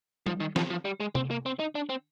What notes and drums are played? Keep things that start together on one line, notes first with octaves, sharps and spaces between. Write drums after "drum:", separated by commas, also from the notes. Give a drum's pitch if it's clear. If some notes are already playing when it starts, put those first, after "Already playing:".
F3, drum: tom G3
D#3
F3, drum: snare
F3
G3
G#3
C4, drum: tom C3
A#3
C4
D#4
D4
C4